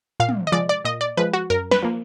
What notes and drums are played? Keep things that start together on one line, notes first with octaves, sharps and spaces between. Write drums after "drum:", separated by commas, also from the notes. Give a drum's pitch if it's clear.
A#2 F5
drum: tom
D#5
F3 G#3 D5
D5
A#2 D#5
D5
F3 G#3 B4
F#4
F#2 A#4
B4, drum: snare
F3 A#3